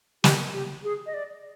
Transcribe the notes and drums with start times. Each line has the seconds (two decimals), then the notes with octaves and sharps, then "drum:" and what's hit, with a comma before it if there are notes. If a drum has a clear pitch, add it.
0.24 G4, drum: snare
0.53 G4
0.83 G#4
1.06 D#5
1.14 D5